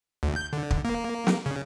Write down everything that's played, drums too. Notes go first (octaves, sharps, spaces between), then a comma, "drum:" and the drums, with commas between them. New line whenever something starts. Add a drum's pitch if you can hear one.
D2
G6
D3
drum: kick
A#3
drum: snare
C#3